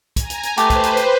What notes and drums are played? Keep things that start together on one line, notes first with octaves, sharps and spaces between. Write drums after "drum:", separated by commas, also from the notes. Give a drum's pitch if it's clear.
G#5 A#5, drum: kick, hi-hat
drum: hi-hat
drum: hi-hat
A3 G4 B4 C5, drum: hi-hat
drum: kick, hi-hat
drum: hi-hat
drum: hi-hat